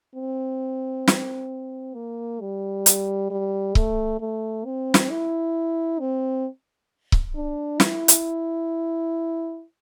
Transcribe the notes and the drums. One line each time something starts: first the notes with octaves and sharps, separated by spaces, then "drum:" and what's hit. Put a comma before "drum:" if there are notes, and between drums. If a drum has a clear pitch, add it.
C4
drum: snare
A#3
G3
drum: hi-hat
G3
A3, drum: kick C#1
A3
C4
drum: snare
E4
C4
drum: kick C#1
D4
E4, drum: snare
drum: hi-hat